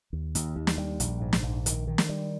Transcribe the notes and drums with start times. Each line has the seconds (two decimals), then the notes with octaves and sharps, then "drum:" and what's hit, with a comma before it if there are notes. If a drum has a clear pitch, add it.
0.13 D#2
0.35 D#2, drum: hi-hat
0.56 D#2
0.67 drum: snare
0.78 G3
1.00 A#1, drum: hi-hat
1.21 G#2
1.33 drum: snare
1.43 A#1
1.66 D#3, drum: hi-hat
1.87 D#3
1.98 drum: snare
2.09 G3